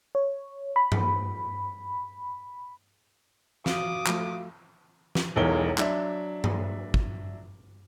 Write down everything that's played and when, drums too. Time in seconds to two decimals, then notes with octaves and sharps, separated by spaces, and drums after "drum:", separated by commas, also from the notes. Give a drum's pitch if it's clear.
0.15 C#5
0.76 B5
0.92 drum: tom G2
3.66 F#4 F5 D6 D#6, drum: snare
4.06 F3 A3, drum: clap
5.15 drum: snare
5.36 E1 B1 E2 A#4 C#5 G7
5.78 F#3 D4 E5, drum: clap
6.44 drum: tom G2
6.94 drum: kick